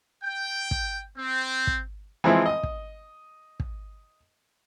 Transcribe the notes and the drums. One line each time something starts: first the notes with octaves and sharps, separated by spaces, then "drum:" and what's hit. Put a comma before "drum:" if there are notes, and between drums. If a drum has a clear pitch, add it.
G5
drum: kick
C4
drum: kick
E3 F3 G#3 C4 E4
D#5 D#6
drum: kick
drum: kick